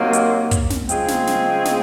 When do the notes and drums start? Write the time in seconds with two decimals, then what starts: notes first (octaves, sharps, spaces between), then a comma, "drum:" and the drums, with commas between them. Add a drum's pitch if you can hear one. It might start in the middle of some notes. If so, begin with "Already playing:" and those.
Already playing: C3 D#3 F#3 A#3
0.13 drum: hi-hat
0.51 drum: kick, hi-hat
0.70 drum: snare
0.89 C#3 G#3 C4 F4 G#4, drum: hi-hat
1.08 drum: snare
1.27 drum: snare
1.65 drum: snare